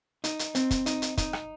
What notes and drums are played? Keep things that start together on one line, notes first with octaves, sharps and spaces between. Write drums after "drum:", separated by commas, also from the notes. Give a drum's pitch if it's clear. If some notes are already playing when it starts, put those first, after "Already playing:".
D#4, drum: hi-hat
drum: hi-hat
C4, drum: hi-hat
drum: kick, hi-hat
D#4, drum: hi-hat
drum: hi-hat
D#4, drum: kick, hi-hat
drum: rim click